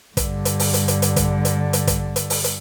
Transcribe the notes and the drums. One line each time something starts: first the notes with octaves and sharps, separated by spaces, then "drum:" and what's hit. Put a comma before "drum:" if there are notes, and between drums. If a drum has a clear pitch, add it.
G2 D3, drum: kick, hi-hat
drum: hi-hat
drum: open hi-hat
drum: hi-hat
drum: hi-hat
drum: hi-hat
drum: kick, hi-hat
drum: hi-hat
drum: hi-hat
drum: kick, hi-hat
drum: hi-hat
drum: open hi-hat
drum: hi-hat